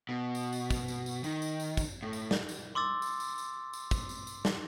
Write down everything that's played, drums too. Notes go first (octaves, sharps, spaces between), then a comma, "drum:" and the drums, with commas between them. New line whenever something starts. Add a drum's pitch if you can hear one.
B2
drum: tambourine
drum: tambourine
drum: kick, tambourine
drum: tambourine
drum: tambourine
D#3, drum: tambourine
drum: tambourine
drum: tambourine
drum: kick, tambourine
A2
drum: tambourine
drum: snare
drum: tambourine
C6 D6 E6 A6
drum: tambourine
drum: tambourine
drum: tambourine
drum: tambourine
drum: kick, tambourine
drum: tambourine
drum: tambourine
drum: snare